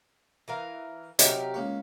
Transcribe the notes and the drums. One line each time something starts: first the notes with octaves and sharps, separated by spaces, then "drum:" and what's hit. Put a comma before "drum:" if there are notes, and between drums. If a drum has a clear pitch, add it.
E3 A#4 F5
C3 F#3 D#4 G4 A#4, drum: hi-hat
C#2 A#3 C#5